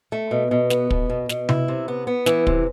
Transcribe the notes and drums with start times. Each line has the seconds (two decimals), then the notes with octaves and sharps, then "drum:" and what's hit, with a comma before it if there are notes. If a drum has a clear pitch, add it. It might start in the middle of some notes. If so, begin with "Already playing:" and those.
0.12 A3
0.31 B2
0.51 B2
0.70 B3, drum: snare
0.90 B2, drum: kick
1.10 B2
1.29 B2, drum: snare
1.49 E4, drum: tom C3
1.68 C3
1.88 B3
2.07 B3
2.26 E3, drum: snare
2.47 C3, drum: kick